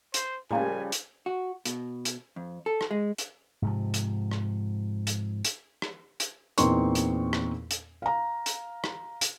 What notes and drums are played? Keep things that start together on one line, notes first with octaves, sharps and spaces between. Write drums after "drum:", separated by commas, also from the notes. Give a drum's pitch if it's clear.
C5, drum: hi-hat
A2 C#3 F3 G3 A#3 G#5
drum: hi-hat
F#4
B2, drum: hi-hat
drum: hi-hat
F2
A4
drum: rim click
G#3
drum: hi-hat
G#2 C3 F3
drum: hi-hat
drum: rim click
drum: hi-hat
drum: hi-hat
drum: rim click
drum: hi-hat
E2 A#2 C4 D#4 C6 C#6, drum: hi-hat
drum: hi-hat
drum: rim click
drum: hi-hat
F5 A#5
drum: hi-hat
drum: rim click
drum: hi-hat